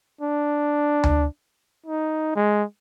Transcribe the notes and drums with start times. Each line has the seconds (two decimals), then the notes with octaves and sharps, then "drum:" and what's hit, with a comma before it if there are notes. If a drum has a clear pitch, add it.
0.21 D4
1.04 drum: tom D2
1.86 D#4
2.36 G#3